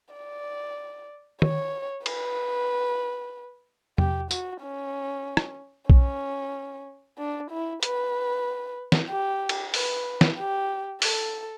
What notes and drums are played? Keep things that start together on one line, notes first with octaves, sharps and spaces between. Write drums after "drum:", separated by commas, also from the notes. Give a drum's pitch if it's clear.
D5
C#5, drum: tom
B4, drum: cymbal
G4, drum: tom E2
F#4, drum: tambourine
C#4
drum: rim click
C#4, drum: kick B1
D4
E4
B4, drum: hi-hat
drum: snare
G4
drum: cymbal
B4, drum: open hi-hat
drum: snare
G4
A4, drum: open hi-hat